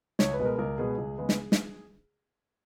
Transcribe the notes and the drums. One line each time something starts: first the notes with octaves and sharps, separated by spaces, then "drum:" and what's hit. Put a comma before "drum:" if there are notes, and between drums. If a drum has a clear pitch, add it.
C#2 C#5, drum: snare
B4
B2 G#3 B3
A#4
C#2 A#4
B2 G#3 B3 G#4
C#2
C#3 G#3 B3
drum: snare
drum: snare